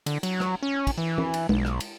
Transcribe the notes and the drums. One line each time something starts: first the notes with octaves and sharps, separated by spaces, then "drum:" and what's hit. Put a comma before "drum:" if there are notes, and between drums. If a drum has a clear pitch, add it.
D3, drum: cymbal
F#3, drum: cymbal
drum: rim click
C#4
drum: kick, cymbal
E3
drum: tom E3
drum: cymbal
B1, drum: tom G#3
drum: rim click
drum: cymbal